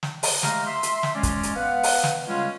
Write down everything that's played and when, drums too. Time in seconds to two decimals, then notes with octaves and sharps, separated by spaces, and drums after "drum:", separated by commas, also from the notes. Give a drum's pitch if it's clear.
0.03 drum: snare
0.23 drum: open hi-hat
0.43 G#3 A3 G4 F5 A#5, drum: snare
0.66 E5 C6
0.83 drum: hi-hat
1.03 drum: snare
1.14 G#3 C#4 D5
1.23 drum: kick, hi-hat
1.43 drum: hi-hat
1.55 B3 B4 F5 F#5
1.83 drum: open hi-hat
2.03 drum: snare
2.27 C#3 G3 G#3 C#4 F4